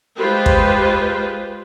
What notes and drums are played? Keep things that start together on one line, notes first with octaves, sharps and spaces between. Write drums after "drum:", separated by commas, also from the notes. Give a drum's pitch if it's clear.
G#3 F4 G4 B4 C5
drum: kick